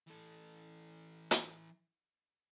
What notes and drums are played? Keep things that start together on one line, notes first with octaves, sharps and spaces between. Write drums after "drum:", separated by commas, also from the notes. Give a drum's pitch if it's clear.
E3 A4
drum: hi-hat